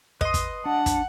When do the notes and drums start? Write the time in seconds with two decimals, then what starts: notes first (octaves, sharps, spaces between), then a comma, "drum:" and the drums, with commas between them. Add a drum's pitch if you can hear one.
0.21 B4 D#5 C6, drum: kick
0.34 drum: kick, hi-hat
0.66 D4 F#5 A5
0.86 drum: kick, hi-hat